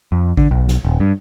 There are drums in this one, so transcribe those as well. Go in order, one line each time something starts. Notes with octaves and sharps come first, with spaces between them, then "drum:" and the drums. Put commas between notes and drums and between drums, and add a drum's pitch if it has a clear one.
F2
D3, drum: kick G#1
B1
drum: snare
D#1
G2